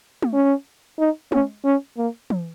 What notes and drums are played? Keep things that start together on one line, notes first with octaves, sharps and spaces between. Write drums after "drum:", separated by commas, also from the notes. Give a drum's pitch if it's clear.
drum: tom G#3
C#4
D#4
C#4, drum: tom G#3
C#4
A#3
drum: tom E3